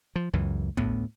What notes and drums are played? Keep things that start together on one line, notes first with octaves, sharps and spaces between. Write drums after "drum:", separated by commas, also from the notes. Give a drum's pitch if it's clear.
F3
C#2 F#2 E3
D2 A2 B3, drum: kick